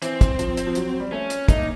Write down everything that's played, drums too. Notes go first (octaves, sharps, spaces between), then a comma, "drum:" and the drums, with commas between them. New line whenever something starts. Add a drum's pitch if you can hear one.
E3 C4, drum: hi-hat
drum: kick, hi-hat
F3, drum: hi-hat
drum: hi-hat
F3
F#3, drum: hi-hat
F#3
G3
A3 C#4
drum: hi-hat
A3 D#4, drum: kick, hi-hat
A#3